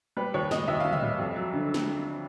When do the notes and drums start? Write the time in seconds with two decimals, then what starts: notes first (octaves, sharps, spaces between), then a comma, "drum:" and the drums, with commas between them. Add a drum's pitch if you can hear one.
0.17 G3 B4
0.34 D#2 C#5
0.51 D#2 D#5, drum: snare
0.68 D#2 E5
0.80 D#2 F5
0.93 E5, drum: tom
1.02 G3
1.19 F2
1.36 F#3
1.53 D3
1.74 drum: snare